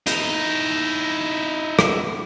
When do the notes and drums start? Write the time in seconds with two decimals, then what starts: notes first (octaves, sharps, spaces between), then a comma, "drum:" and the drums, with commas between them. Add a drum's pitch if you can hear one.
0.07 D#4 E4, drum: hi-hat
1.79 drum: rim click